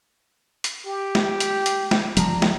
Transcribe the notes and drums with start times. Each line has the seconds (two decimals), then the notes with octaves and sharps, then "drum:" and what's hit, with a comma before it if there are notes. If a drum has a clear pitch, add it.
0.64 drum: hi-hat
0.86 G4
1.15 drum: snare
1.40 drum: hi-hat
1.66 drum: hi-hat
1.91 drum: snare
2.17 F3 G3 A#5, drum: hi-hat
2.42 drum: snare